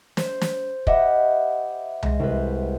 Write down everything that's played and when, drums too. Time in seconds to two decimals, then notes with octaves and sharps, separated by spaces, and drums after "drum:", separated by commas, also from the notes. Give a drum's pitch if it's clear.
0.17 C5, drum: snare
0.41 drum: snare
0.87 G4 D#5 E5 F#5 B5, drum: kick
2.03 G#3 A#6, drum: tom C2
2.19 C2 B4